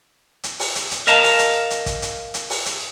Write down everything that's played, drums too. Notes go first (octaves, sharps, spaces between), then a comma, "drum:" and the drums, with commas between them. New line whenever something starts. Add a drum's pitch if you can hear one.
drum: hi-hat
drum: open hi-hat
drum: hi-hat
drum: hi-hat
A#4 D#5 F5 A5 A#5, drum: hi-hat
drum: open hi-hat
drum: hi-hat
drum: hi-hat
drum: kick, hi-hat
drum: hi-hat
drum: hi-hat
drum: open hi-hat
drum: hi-hat